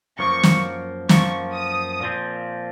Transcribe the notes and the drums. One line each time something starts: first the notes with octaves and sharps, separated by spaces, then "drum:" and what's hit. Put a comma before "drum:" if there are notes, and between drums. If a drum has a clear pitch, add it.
F#2 F3 A#3 C#6
drum: snare
F#2 F3 A#3 C#6, drum: snare
D#6
A#2 F3 C4